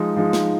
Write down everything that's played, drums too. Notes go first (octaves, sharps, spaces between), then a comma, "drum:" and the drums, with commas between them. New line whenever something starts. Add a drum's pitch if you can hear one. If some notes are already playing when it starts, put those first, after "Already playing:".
Already playing: F3 G#3 D#4
F3 G#3 D#4
drum: snare